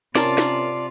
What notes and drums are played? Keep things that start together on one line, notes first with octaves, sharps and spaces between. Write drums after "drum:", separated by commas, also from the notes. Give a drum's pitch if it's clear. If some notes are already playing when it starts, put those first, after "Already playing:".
C3 C#4 F4 A#4 D5 A5 C6, drum: snare
drum: snare